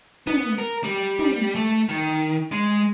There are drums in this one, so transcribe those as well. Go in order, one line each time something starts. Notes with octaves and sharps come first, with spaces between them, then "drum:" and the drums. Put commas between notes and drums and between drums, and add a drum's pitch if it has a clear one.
B3, drum: tom
A#4
G3
drum: tom
A3
D#3
drum: hi-hat
G#3